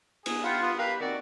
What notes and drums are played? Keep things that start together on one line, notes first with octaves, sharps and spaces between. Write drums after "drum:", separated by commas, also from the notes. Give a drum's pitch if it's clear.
G#4, drum: cymbal
F4 F#5 G5 B5
B3
G4 A#4 B4 F5 B5
D#3 C4 F#4 D5